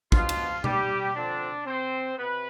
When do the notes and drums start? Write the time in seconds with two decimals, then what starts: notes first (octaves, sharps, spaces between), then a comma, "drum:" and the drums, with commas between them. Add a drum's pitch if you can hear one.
0.12 B2 F3 B3 F4, drum: kick
0.29 drum: cymbal
0.64 G3 G4, drum: tom B2
1.15 D3 F3 C4 D4
1.66 C4 C5
2.18 C3 B3 B4